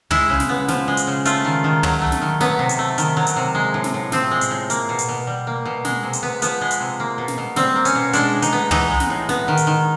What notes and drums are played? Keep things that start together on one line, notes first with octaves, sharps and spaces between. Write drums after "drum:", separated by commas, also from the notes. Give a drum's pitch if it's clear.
G#3 E4, drum: tom
C#3
drum: snare
B3
F3, drum: snare
G#3
drum: hi-hat
C#3
A3 F4, drum: hi-hat
D#3
D#3
F#3, drum: tom
A3
drum: snare
D#3
F#3 B3, drum: snare
C3
drum: hi-hat
A3
D#3, drum: hi-hat
F#3
drum: hi-hat
C3
G#3
A2
drum: snare
A2
F3 C4, drum: snare
G#3
drum: hi-hat
A2
A#3, drum: hi-hat
B2
drum: hi-hat
B2
G3
A#3
B2
G#3, drum: snare
C3
drum: hi-hat
B3
F3 B3, drum: hi-hat
G#3
drum: hi-hat
C3
A#3
B2
drum: snare
B2
G3 C4, drum: snare
A#3
C#4, drum: hi-hat
B2
G#3 D4, drum: hi-hat
A2
D#4, drum: hi-hat
B3
E3 D#4, drum: tom
G#3
drum: snare
A2
B3, drum: snare
D#3
drum: hi-hat
D#3